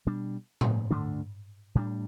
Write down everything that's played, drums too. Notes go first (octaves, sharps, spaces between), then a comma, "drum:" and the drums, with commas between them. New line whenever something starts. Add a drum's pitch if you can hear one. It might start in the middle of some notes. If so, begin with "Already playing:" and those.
B2 G3 D4
drum: tom A2
D2 D3 A3 D4
A2 G3 D4